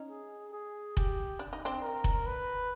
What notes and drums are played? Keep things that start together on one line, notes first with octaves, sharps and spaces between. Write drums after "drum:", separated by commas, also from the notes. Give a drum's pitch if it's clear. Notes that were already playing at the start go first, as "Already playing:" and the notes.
Already playing: C#4 D#4
G#4
G#4
G4, drum: kick F1
D4
D#4
C4 D4
A#4
drum: kick F1
B4